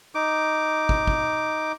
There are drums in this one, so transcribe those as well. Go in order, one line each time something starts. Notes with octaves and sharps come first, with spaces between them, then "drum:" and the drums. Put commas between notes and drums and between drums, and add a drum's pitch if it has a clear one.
D#4 D6
drum: kick
drum: kick